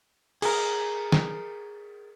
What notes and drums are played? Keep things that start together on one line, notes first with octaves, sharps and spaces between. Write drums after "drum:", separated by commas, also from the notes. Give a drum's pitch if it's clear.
G#4 A#4, drum: cymbal
drum: snare